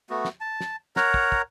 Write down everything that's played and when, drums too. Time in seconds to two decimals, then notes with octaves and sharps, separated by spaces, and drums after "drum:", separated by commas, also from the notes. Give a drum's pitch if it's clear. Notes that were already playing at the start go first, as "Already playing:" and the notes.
0.10 A3 B3 F#4
0.25 drum: snare
0.40 A5
0.60 drum: snare
0.96 A#4 C#5 F#5 A#5, drum: snare
1.14 drum: kick
1.32 drum: kick